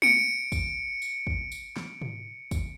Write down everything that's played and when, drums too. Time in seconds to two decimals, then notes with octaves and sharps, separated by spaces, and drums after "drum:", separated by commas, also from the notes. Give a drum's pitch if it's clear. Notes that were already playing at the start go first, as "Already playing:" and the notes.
0.02 C#7 D7, drum: tom
0.52 drum: kick, tambourine
1.02 drum: tambourine
1.27 drum: kick
1.52 drum: tambourine
1.77 drum: snare
2.01 drum: tom G#2
2.51 drum: kick, tambourine